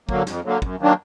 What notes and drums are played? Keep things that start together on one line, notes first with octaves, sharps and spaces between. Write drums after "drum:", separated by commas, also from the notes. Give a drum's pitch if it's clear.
D3 F#3 A#3, drum: kick
F2, drum: snare
D3 F#3 A#3
F#2, drum: kick
D#3 F#3 A#3 D4